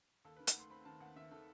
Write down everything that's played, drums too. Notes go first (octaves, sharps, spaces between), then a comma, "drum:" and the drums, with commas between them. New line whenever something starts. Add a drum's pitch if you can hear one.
D#2 A4
B4
D#3
F#5, drum: hi-hat
A3 C6
C4 B5
D#3 A5
D#2 F#5
D#3 E5
D#3 A4